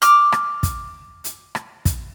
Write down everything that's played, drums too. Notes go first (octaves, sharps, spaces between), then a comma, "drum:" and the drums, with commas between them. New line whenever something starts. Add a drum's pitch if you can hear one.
D6 F6, drum: hi-hat
drum: rim click
drum: kick, hi-hat
drum: hi-hat
drum: rim click
drum: kick, hi-hat